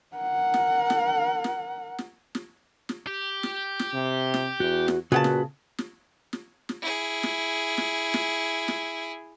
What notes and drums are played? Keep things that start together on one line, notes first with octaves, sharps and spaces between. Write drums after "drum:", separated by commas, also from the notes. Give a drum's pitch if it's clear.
A#4 F#5
drum: snare
drum: snare
drum: snare
drum: snare
drum: snare
drum: snare
G4
drum: snare
drum: snare
C3
drum: snare
E2 F#4
drum: snare
A#2 C#3 F#4 B4 F#5 A5
drum: snare
drum: snare
drum: snare
drum: snare
E4 G#4
drum: snare
drum: snare
drum: snare
drum: snare